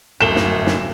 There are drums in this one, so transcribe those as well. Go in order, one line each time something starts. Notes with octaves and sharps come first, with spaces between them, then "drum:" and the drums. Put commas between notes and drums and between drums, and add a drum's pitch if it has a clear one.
D1 G1 F#2 A4 E7 G7
drum: snare
drum: snare